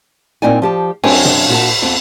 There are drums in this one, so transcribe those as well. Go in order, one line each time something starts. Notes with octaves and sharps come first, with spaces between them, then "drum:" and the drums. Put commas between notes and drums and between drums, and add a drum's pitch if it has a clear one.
A#2 D3 C4 D#4 D5 G#5
F3 G4 A5
F#2 C4 D4 C#5 G5 G#5, drum: cymbal
drum: tom
A#2 F#4 D5 A5
F2 F3 B3 C4